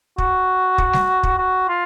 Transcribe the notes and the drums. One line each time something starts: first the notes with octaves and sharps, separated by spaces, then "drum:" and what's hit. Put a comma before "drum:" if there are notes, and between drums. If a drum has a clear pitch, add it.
F#4, drum: kick
drum: kick
drum: snare G3
drum: kick
F#4
F4